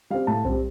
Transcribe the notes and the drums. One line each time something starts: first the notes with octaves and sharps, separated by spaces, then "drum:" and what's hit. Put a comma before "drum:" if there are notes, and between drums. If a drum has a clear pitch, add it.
G3 C4 F5
A2 A5
G3 C4, drum: kick B1